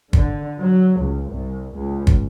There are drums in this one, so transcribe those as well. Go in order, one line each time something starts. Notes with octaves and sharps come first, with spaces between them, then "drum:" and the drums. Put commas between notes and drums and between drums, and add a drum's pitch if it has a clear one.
D3, drum: kick
F#3
C#2
C2
C#2
drum: kick